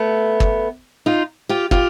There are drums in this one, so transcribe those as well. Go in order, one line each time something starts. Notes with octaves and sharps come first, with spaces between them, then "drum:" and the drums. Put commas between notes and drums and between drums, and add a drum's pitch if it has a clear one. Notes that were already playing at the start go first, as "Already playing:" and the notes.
Already playing: A3 B3
drum: kick
D#4 F4
F4 G4
F4 G4, drum: kick